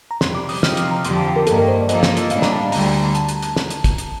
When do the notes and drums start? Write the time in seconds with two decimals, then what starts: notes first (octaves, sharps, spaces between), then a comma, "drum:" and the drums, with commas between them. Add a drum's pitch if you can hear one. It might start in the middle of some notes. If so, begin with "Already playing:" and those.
0.11 A#5
0.21 F2 C3 G3 C6, drum: snare
0.35 D6
0.49 D#6, drum: open hi-hat
0.63 C3 F3 C4 D#4 F6, drum: snare
0.77 D#6, drum: hi-hat
0.91 A#5
1.05 F2 D3 F3 C4 G4 C6, drum: hi-hat
1.16 A5
1.26 G5
1.36 A#4
1.47 G2 D#3 A#3 A4, drum: hi-hat
1.58 A#4
1.68 C5
1.81 D5
1.89 F3 A#3 F4 A4 D#5, drum: hi-hat
2.03 drum: snare
2.17 drum: hi-hat
2.30 A2 G3 D4 F5, drum: hi-hat
2.42 A#5, drum: snare
2.52 A5
2.72 D2 D3 G3 A#5, drum: open hi-hat
2.93 A5
3.15 A5, drum: hi-hat
3.29 drum: hi-hat
3.42 drum: hi-hat
3.56 drum: snare
3.70 drum: hi-hat
3.84 drum: kick, hi-hat
3.98 drum: hi-hat